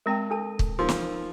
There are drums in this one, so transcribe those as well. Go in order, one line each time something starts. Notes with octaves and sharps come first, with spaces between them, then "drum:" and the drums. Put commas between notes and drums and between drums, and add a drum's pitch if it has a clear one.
G#3 C4 A#4 G5 A5
D4 A4 A5
drum: kick
F3 D#4 A#4 C6
drum: snare